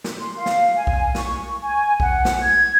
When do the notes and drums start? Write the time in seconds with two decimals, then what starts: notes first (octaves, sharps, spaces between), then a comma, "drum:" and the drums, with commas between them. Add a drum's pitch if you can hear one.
0.04 drum: snare
0.20 C6
0.37 F5
0.46 drum: snare
0.75 G#5
0.87 drum: kick B1
1.15 C#6, drum: snare
1.63 G#5
2.00 F#5, drum: kick B1
2.25 drum: snare
2.43 G#6